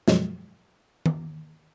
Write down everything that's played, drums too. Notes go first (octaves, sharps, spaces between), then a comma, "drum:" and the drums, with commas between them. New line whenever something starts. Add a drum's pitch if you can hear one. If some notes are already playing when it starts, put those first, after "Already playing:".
F#2 B2 F3 F#3 G#3, drum: snare
drum: tom D#3